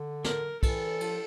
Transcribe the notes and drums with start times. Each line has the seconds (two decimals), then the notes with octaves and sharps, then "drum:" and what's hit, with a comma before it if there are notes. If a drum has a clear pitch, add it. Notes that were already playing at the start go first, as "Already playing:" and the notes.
Already playing: D3
0.24 A#4, drum: snare
0.63 E3 A4, drum: kick, cymbal
1.01 F3, drum: cymbal